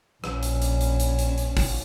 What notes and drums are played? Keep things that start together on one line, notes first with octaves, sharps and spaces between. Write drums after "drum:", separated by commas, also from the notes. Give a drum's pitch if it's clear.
A#1 C#4, drum: rim click
drum: hi-hat
drum: hi-hat
drum: hi-hat
drum: hi-hat
drum: hi-hat
drum: hi-hat
drum: kick G#1, open hi-hat